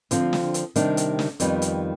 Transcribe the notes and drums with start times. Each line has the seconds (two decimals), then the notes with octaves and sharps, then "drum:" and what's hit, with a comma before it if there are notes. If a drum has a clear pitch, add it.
0.11 D3 F3 C4 F4, drum: hi-hat
0.33 drum: snare
0.54 drum: hi-hat
0.76 C3 D#3 G3 D4, drum: hi-hat
0.97 drum: hi-hat
1.19 drum: snare
1.40 F2 D#3 G3 B3, drum: hi-hat
1.62 drum: hi-hat